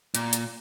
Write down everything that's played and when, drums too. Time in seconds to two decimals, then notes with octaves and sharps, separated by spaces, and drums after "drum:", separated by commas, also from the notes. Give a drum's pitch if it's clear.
0.15 A#2, drum: hi-hat
0.33 drum: hi-hat